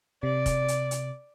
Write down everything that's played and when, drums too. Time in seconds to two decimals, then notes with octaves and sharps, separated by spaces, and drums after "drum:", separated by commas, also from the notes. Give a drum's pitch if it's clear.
0.23 C3 D5
0.46 drum: kick, hi-hat
0.68 drum: hi-hat
0.91 drum: hi-hat